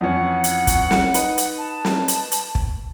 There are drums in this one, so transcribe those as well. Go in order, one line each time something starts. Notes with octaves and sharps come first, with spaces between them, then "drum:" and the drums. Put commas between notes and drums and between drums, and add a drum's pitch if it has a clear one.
F2 E3 C#4 F#5
drum: hi-hat
drum: kick, hi-hat
drum: snare
D#4 B4, drum: hi-hat
drum: hi-hat
A5
drum: snare
drum: hi-hat
drum: hi-hat
drum: kick